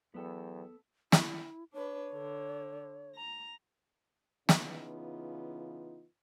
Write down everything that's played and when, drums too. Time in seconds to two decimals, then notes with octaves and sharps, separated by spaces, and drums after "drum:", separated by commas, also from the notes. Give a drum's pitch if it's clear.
0.14 E2 F#3 B3 A4 B4 G5
1.12 E4, drum: snare
1.73 D4 B4 C#5
2.13 D3
3.16 A#5
4.49 C#3 E3 B3 D#4 F4, drum: snare